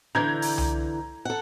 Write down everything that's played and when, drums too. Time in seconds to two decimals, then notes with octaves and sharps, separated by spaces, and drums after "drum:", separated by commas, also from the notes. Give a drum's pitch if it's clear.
0.15 D3 E3 A#5 G6 G#6
0.42 drum: open hi-hat
0.58 drum: tom C2
1.25 A4 F#5